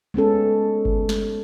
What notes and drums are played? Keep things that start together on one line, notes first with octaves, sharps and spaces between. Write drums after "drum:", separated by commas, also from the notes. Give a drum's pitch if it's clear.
G#3 B3 C#4 A4
drum: kick G1
drum: snare